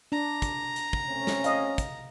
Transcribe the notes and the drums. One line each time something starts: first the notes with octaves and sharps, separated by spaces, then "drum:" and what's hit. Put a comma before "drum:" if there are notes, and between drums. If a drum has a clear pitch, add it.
D4 A#5
drum: kick, hi-hat
drum: hi-hat
drum: kick
A3 C4 C#4
drum: snare
D#5 F5, drum: hi-hat
drum: kick, hi-hat